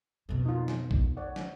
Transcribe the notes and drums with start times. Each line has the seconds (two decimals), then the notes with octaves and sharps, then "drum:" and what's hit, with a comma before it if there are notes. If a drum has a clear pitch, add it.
0.29 F2 B2
0.45 D#4 F4
0.68 drum: snare
0.91 drum: kick A#1
1.17 C#5 D5 F#5
1.36 drum: snare